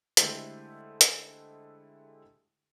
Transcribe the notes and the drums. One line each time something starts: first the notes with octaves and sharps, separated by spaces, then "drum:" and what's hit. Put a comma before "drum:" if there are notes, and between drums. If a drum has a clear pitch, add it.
D3 G#3 A3 E4 G4 C5, drum: hi-hat
drum: hi-hat